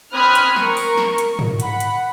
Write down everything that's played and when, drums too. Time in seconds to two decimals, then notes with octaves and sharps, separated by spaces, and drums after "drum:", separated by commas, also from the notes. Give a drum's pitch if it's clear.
0.13 C4 B5 D#6 F6 F#6 G#6
0.35 drum: hi-hat
0.56 A#4 C#6, drum: snare
0.77 drum: open hi-hat
0.97 drum: snare
1.18 drum: hi-hat
1.39 drum: tom G#2
1.60 F#5 B5, drum: hi-hat
1.80 drum: hi-hat